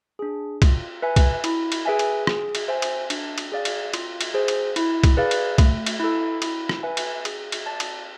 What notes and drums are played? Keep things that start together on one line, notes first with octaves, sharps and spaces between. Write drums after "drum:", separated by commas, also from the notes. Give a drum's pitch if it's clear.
D4 G#4
F4, drum: kick, cymbal
B4 E5 G#5
drum: kick, cymbal
E4, drum: cymbal
drum: cymbal
G#4 B4 E5 G#5
drum: cymbal
G#4, drum: rim click
drum: cymbal
C5 E5 G#5
drum: cymbal
D4, drum: cymbal
drum: cymbal
G#4 D5 F5
drum: cymbal
F4, drum: cymbal
drum: cymbal
G#4 C5
drum: cymbal
E4, drum: cymbal
drum: kick, cymbal
G#4 B4 D5 F5
drum: cymbal
A3, drum: kick, cymbal
drum: cymbal
E4 A4
E4, drum: cymbal
drum: rim click
B4 E5 G#5
drum: cymbal
G#4, drum: cymbal
drum: cymbal
D5 A5
drum: cymbal